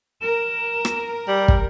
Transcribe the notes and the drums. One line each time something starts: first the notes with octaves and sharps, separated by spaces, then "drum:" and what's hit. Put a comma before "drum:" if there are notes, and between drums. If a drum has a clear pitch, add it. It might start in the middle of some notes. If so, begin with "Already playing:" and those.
A#4 E7
drum: rim click
G3 F#7
drum: kick